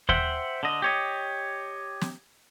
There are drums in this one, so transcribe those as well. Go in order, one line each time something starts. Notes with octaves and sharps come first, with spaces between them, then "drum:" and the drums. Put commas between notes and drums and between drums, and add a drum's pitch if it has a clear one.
C5 E5 F#5 G5, drum: kick D#2
D3 D#5
G4 C#5 D#5
drum: snare